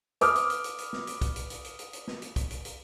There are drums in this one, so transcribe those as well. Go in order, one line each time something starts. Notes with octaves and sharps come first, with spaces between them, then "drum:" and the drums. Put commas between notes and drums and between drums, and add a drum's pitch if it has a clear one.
B4 D6 D#6 F6, drum: hi-hat
drum: hi-hat
drum: hi-hat
drum: hi-hat
drum: hi-hat
drum: snare
drum: hi-hat
drum: kick, hi-hat
drum: hi-hat
drum: hi-hat
drum: hi-hat
drum: hi-hat
drum: hi-hat
drum: snare
drum: hi-hat
drum: kick, hi-hat
drum: hi-hat
drum: hi-hat